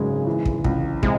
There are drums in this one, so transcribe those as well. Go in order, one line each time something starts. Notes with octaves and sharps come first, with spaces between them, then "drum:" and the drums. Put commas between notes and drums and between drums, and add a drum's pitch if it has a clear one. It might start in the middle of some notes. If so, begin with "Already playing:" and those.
Already playing: G#1 F#2 C#3 F#3 G#3
E3
drum: kick
C#2, drum: kick
C3 G#3, drum: kick